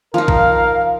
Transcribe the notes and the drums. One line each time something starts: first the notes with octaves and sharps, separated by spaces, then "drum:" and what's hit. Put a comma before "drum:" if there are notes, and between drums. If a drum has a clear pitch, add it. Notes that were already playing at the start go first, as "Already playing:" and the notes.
F3 D#4 A#4 F5
drum: kick